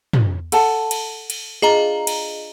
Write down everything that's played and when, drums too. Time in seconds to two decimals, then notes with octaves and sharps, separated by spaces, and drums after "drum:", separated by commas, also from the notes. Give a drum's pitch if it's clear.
0.13 drum: tom
0.52 A4 F#5 A5, drum: cymbal
0.91 drum: cymbal
1.30 drum: cymbal
1.62 D4 F4 G#4 D#5 A#5
2.07 drum: cymbal